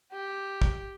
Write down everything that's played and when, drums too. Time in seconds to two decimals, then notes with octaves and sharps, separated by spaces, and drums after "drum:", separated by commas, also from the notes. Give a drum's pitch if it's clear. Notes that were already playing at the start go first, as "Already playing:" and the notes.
0.13 G4
0.62 drum: kick